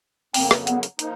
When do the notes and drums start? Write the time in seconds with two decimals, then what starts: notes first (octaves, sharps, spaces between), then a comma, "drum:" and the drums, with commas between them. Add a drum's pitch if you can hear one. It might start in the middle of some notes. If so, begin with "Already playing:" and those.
0.34 F2 C#3 F#3 A#3 C4, drum: open hi-hat
0.51 drum: rim click
0.67 B3, drum: hi-hat
0.83 drum: hi-hat
0.99 F3 A#3 D#4, drum: hi-hat